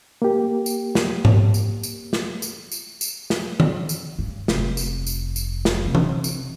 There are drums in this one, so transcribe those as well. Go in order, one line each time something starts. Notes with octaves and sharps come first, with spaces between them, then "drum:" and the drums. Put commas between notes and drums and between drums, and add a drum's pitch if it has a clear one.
A#3 G4
drum: tambourine
drum: snare
drum: tom G#2
drum: tambourine
drum: tambourine
drum: snare
drum: tambourine
drum: tambourine
drum: tambourine
drum: snare
drum: tom D#3
drum: tambourine
G2
F1, drum: snare
drum: tambourine
drum: tambourine
drum: tambourine
drum: snare
C3
drum: tom E3
drum: tambourine